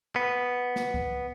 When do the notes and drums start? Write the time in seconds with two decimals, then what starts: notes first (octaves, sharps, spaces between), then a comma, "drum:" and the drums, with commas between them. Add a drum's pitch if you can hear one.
0.16 B3
0.76 drum: snare
0.94 drum: kick C2